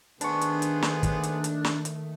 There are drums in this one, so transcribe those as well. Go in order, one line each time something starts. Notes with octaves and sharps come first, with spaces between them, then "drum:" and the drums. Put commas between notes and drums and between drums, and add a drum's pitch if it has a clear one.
D#3 A3 B3 D4 G#4 C5 A5 C#6, drum: hi-hat
drum: hi-hat
drum: hi-hat
drum: snare
drum: kick, hi-hat
drum: hi-hat
drum: hi-hat
drum: snare
drum: hi-hat